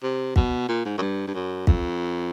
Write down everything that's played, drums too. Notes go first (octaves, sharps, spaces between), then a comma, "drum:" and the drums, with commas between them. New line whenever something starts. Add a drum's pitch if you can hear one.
C3
B2, drum: kick
A#2
G#2
F#2
G2
G2
F#2
F2, drum: kick